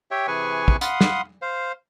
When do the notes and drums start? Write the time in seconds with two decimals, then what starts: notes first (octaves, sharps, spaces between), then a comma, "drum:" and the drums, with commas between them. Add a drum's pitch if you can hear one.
0.11 G4 C#5 E5 G5
0.27 C3 E3 G#4 B4 G#5 C#6
0.68 drum: kick
0.81 F5 F#5 B5 C6 D#6, drum: hi-hat
1.01 drum: snare
1.42 C5 F5